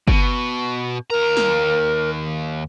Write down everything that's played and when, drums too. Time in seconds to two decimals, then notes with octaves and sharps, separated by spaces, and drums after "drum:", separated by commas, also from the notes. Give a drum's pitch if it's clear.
0.08 B2, drum: kick G1
1.10 D#2 A#4 A#5
1.37 drum: snare